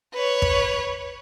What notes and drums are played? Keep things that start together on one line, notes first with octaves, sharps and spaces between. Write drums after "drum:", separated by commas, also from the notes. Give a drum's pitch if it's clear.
B4 C#5
drum: kick